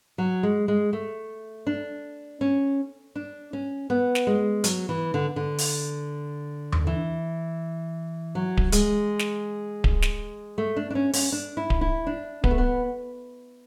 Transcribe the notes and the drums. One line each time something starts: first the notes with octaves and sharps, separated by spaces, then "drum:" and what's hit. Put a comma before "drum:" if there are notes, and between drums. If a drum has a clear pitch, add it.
F#3
G#3
G#3
A3
D4
C#4
D4
C#4
B3
drum: snare
G#3
F#3, drum: hi-hat
E3
D3
D3
drum: open hi-hat
drum: tom D#2
E3
F#3
drum: kick D1
G#3, drum: hi-hat
drum: snare
drum: kick D1
drum: snare
A3
D4
D4
C#4
C#4, drum: open hi-hat
D4
E4
drum: kick D1
E4
D4
B3, drum: kick D1
A3
B3